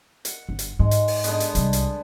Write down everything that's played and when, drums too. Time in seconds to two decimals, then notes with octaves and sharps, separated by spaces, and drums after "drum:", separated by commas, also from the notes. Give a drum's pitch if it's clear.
0.25 F#5, drum: hi-hat
0.49 G1
0.59 drum: hi-hat
0.79 G#2 G#3
0.91 drum: hi-hat
1.08 drum: open hi-hat
1.24 D3 G#3 B3, drum: hi-hat
1.40 drum: hi-hat
1.55 C2 G3, drum: hi-hat
1.73 drum: hi-hat